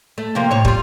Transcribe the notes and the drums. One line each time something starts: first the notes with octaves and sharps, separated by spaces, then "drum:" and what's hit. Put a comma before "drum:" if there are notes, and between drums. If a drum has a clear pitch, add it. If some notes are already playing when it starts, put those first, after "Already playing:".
A3
C3 F3 A#3
A2 C3 C#5
G3 F4, drum: kick